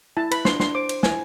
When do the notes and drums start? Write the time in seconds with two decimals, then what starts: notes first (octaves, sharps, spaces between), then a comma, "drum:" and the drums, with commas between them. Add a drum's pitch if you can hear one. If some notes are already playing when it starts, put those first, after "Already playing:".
0.17 E4 A5
0.31 B4 B5, drum: cymbal
0.45 D4 C6, drum: snare
0.60 D4 C6, drum: snare
0.75 C5 D6
0.89 C5, drum: cymbal
1.03 E4 G#5, drum: snare